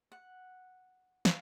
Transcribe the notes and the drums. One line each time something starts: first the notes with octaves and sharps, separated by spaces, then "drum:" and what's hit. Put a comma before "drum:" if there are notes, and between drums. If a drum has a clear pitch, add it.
F#5
F5, drum: snare